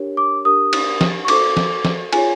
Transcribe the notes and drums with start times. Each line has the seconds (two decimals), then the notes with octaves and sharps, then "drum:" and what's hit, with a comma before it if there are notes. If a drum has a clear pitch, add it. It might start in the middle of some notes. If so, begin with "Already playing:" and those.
Already playing: D4 G4 A#4 C#5
0.17 D6
0.45 D4 G4 A#4 D#6
0.73 drum: cymbal
1.01 drum: snare F3
1.25 C#6
1.28 F#4 A4 C5 D6, drum: cymbal
1.57 drum: snare F3
1.85 drum: snare F3
2.13 F4 G#4 C#5 G#5, drum: cymbal